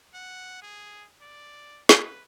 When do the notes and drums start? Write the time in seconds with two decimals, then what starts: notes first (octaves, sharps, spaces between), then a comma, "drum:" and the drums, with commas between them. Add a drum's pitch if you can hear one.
0.14 F#5
0.62 G#4
1.21 D5
1.89 B4, drum: snare